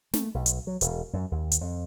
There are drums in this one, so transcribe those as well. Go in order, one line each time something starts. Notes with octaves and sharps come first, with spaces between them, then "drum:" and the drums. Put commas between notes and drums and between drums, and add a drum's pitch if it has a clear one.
A3, drum: snare
B1
drum: hi-hat
F#3
E1, drum: hi-hat
F#2
D#2
drum: hi-hat
F2